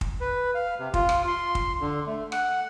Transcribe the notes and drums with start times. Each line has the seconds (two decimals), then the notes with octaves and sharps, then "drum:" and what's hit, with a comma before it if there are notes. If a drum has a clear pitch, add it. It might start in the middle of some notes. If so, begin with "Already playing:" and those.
0.01 drum: kick
0.21 B4
0.55 F5
0.79 C3
0.94 F4, drum: kick
1.09 drum: rim click
1.28 C6
1.55 drum: kick
1.81 D3
2.07 A3
2.32 F#5, drum: rim click